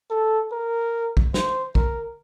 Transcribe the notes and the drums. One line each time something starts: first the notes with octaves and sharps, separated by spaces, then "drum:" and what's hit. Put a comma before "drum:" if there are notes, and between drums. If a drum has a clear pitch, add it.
A4
A#4
drum: kick
C5, drum: snare
A#4, drum: kick